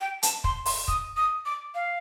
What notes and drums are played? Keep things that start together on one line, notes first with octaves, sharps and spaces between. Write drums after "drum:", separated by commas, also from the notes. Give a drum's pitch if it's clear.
G5
A5, drum: hi-hat
C6, drum: kick
C6, drum: open hi-hat
D#6, drum: kick
D#6
D6
F5